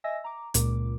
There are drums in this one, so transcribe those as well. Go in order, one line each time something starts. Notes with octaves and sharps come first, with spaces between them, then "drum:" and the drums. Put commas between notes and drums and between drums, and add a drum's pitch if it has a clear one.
D#5 E5 G#5 E6 A#6
A#5 D6
C#2 A#2 A#4 D6, drum: hi-hat